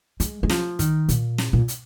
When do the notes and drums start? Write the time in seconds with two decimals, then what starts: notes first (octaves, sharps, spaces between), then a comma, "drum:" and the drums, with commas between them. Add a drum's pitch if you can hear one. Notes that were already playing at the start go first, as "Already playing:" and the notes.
0.20 G#3, drum: hi-hat
0.43 G#3
0.50 F3, drum: snare
0.79 D#3, drum: kick, hi-hat
1.09 A#2, drum: hi-hat
1.38 drum: snare
1.53 A#2
1.68 drum: hi-hat